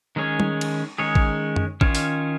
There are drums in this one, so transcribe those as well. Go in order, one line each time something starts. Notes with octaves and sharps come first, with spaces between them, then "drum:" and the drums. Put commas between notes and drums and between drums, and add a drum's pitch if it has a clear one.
D#3 G#3 C#4 G#4 C#5
drum: tom G3
drum: cymbal
D#3 G#3 C#4 G#4 C#5
drum: kick
drum: tom F#2
D#3 C#4 F4 C#5, drum: kick
drum: open hi-hat